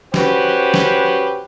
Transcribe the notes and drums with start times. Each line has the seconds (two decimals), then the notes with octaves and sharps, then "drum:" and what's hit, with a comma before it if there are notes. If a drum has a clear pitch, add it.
0.14 C#4 F#4 G4 B4 C5, drum: snare
0.74 drum: snare